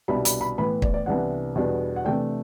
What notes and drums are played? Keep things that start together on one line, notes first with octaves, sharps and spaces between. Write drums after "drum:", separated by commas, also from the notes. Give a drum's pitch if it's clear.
C2 B2 G3 D4 B5
B5, drum: hi-hat
B5
A2 E3 B3 B5
D5, drum: kick
D5
C2 C3 E3 B3 D4 F#5
E2 B2 G3 B3 D4
F#5
C3 E3 A3 D4 G5